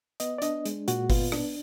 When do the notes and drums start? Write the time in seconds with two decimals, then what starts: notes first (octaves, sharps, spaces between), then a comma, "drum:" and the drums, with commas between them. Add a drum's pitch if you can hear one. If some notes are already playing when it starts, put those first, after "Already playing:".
0.20 B3 D#5, drum: hi-hat
0.38 D5
0.42 D4 D#5, drum: hi-hat
0.65 G#3, drum: hi-hat
0.88 A#2 F#4, drum: hi-hat
1.10 B3 F4, drum: kick G1, open hi-hat
1.32 D4, drum: rim click